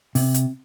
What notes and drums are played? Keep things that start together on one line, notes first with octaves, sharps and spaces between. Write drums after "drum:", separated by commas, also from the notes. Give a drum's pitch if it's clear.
C3, drum: open hi-hat
drum: hi-hat